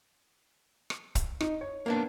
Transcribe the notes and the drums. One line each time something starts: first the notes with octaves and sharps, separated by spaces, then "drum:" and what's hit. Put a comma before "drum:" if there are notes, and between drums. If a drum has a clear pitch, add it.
drum: rim click
drum: kick, hi-hat
D#4, drum: rim click
C#5
A#3 B3 D4